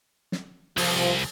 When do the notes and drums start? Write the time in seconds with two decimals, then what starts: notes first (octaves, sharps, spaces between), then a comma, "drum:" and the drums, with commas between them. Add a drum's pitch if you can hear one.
0.32 drum: snare
0.77 C2 F3, drum: open hi-hat